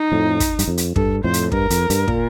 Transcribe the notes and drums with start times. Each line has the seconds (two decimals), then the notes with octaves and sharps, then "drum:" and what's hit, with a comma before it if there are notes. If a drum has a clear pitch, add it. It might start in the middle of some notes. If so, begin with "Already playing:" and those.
Already playing: D#4
0.12 F2 A2
0.40 drum: kick, hi-hat
0.59 G2, drum: hi-hat
0.68 F2
0.78 drum: hi-hat
0.96 G2 A4, drum: kick
1.24 F2 A2 C5
1.34 drum: hi-hat
1.52 G2 A#4, drum: kick
1.70 F2, drum: hi-hat
1.90 G2, drum: hi-hat
2.08 A#2, drum: kick